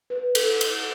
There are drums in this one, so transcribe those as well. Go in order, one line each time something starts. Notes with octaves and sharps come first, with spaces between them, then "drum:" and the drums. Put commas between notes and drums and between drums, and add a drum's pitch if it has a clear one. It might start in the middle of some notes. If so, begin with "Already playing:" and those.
B4
A4, drum: cymbal
drum: cymbal